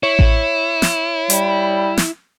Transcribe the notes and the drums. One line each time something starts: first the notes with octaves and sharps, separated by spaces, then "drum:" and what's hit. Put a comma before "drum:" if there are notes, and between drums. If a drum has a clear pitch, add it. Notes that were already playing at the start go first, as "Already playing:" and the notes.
E4 C#5
drum: kick A1
drum: snare
G3, drum: hi-hat
drum: snare